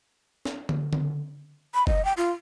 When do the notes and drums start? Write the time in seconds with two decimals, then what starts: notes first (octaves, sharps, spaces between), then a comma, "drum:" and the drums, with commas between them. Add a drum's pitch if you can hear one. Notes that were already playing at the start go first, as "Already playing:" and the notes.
0.45 drum: snare C#4
0.69 drum: tom D3
0.93 drum: tom D3
1.75 B5
1.87 D#5, drum: kick
2.05 G5
2.17 F4